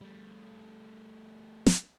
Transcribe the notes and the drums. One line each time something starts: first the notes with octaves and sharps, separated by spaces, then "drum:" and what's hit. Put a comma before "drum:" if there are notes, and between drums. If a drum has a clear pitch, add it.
G3 A3
drum: snare